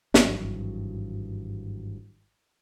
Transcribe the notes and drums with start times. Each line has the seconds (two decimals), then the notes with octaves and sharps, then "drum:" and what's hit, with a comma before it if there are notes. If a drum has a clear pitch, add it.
0.14 G#1 G2 E3 F#3, drum: snare